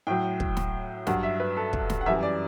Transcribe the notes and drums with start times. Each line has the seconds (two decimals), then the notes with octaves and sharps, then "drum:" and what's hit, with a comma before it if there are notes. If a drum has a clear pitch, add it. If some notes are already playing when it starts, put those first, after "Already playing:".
0.07 A2 F#3 G5
0.40 drum: kick
0.57 drum: snare
1.07 G2 F#3 F#5, drum: snare
1.23 E5
1.40 B4
1.57 A4
1.73 drum: kick
1.90 drum: snare
2.01 F#5
2.06 F#2 E3 G3 E5
2.23 D5